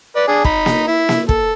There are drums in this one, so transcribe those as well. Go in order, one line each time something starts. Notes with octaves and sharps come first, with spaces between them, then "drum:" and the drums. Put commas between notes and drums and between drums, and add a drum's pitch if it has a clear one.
B4 D5
D4 G#4
D#4 B5, drum: kick
drum: snare A#3
E4
drum: snare A#3
A4, drum: kick